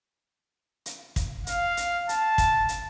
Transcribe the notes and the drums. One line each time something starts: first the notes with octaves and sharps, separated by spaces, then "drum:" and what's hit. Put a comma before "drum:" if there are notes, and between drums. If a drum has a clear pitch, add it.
drum: hi-hat
drum: kick, hi-hat
F5, drum: hi-hat
drum: hi-hat
A5, drum: hi-hat
drum: kick, hi-hat
drum: hi-hat